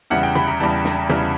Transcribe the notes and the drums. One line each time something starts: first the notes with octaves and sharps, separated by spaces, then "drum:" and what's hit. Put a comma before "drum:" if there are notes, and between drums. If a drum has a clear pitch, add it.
E2 C#3 E3 G3 F#5
G5
B5, drum: tom
A#5
E2 C#3 E3 G3 A5
drum: snare
E2 C#3 E3 G3, drum: tom